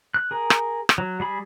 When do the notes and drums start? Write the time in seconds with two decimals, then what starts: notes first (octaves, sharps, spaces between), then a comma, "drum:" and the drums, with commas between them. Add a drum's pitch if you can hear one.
0.14 F#6
0.31 G#4 A#4
0.50 drum: rim click
0.89 drum: rim click
0.98 F#3
1.20 G3 G#4 B5